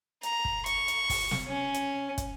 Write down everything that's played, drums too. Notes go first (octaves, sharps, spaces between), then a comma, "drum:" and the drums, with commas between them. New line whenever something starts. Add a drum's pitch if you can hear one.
A#5, drum: hi-hat
drum: kick
C#6, drum: hi-hat
drum: hi-hat
drum: kick, open hi-hat
drum: snare
C#4
drum: hi-hat
drum: kick, hi-hat